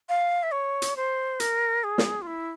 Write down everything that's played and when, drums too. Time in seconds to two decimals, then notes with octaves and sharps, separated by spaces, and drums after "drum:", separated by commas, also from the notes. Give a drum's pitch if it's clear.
0.09 F5
0.43 E5
0.52 C#5
0.82 drum: hi-hat
0.96 C5
1.40 A#4, drum: hi-hat
1.84 G#4
1.98 drum: snare
2.22 F4
2.27 E4